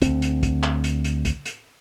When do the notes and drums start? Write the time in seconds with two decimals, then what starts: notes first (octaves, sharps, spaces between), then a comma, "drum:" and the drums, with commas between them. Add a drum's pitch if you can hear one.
0.02 D2 C4, drum: kick, hi-hat
0.22 drum: hi-hat
0.43 drum: kick, hi-hat
0.63 drum: clap
0.84 drum: hi-hat
1.04 drum: hi-hat
1.25 drum: kick, hi-hat
1.46 drum: hi-hat